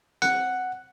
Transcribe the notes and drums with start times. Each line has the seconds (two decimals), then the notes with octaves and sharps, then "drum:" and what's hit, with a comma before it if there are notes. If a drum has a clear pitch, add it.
0.22 F#5, drum: snare C4